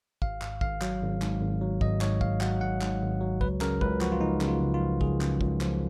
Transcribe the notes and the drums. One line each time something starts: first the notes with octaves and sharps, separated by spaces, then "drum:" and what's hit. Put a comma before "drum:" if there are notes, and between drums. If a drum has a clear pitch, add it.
G#1 F5, drum: kick
G#2, drum: clap
G#1 F5, drum: kick
F#3, drum: clap
G#1
G#2, drum: clap
G#1
F#3
G#1 D#5, drum: kick
G#2 C#5, drum: clap
G#1 F5, drum: kick
F#3 F#5, drum: clap
G#1 F#5
G#2, drum: clap
G#1
F#3
C#2 B4, drum: kick
C#3 A#4, drum: clap
C#2 B4, drum: kick
F3 F#4, drum: clap
F4
C#2 D#4
C#3, drum: clap
F4
C#2
F4
F3
C#2 G#4, drum: kick
C#3, drum: clap
C#2, drum: kick
F3, drum: clap